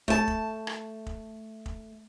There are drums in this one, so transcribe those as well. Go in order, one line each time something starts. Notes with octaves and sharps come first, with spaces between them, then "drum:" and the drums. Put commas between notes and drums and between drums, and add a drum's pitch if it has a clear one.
A3 A5, drum: kick
drum: kick
drum: rim click
drum: kick
drum: kick